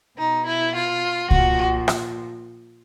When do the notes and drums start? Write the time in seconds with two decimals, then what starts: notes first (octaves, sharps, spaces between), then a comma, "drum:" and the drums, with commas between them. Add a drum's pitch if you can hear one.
0.18 B2 D#4
0.46 E4
0.75 F4
1.31 A#2 F3 F#4, drum: kick C2
1.88 drum: rim click